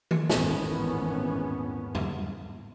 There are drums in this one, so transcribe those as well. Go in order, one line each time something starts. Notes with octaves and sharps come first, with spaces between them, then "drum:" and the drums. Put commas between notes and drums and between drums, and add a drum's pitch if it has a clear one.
drum: tom D#3
G#1 E2 A2 B3 C#4, drum: snare
drum: tom